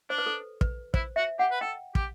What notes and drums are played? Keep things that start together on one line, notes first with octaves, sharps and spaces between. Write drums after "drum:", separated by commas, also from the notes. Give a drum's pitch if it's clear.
D4 C5
B4
A4
B4, drum: kick
E4 C5, drum: kick
F#4 E5
G4 F#5
B4
A4 G5
G4, drum: kick